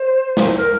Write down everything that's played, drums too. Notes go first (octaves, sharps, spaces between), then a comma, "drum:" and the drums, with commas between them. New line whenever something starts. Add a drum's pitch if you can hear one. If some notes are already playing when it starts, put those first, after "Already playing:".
Already playing: C5
drum: snare
A#4